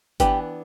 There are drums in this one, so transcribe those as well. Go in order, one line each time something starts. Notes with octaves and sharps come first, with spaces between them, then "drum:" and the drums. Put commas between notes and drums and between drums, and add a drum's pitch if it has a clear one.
E3 B3 D4 G4 B4, drum: kick G1, hi-hat